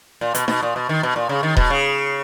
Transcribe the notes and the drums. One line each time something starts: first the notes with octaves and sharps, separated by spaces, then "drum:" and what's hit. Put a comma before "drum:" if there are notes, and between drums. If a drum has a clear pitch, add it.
A#2
B2, drum: hi-hat
B2, drum: snare D#4
A#2
B2
D#3
B2
A#2
C#3
D#3
B2, drum: kick D#1
C#3